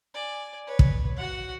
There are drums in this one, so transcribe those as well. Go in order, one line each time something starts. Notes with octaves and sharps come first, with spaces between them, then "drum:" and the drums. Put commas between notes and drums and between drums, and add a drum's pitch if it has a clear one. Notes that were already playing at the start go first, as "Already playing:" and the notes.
D5 G#5
B4 C#5
drum: kick
F#4 F#5